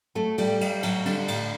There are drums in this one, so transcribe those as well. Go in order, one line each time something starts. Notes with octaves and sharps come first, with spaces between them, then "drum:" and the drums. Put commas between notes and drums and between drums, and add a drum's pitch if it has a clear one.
F#3 A3 A4
A2 G3 G4, drum: cymbal
G3, drum: cymbal
A2 F#3 F#4, drum: cymbal
D3 G3 D4, drum: cymbal
A2, drum: cymbal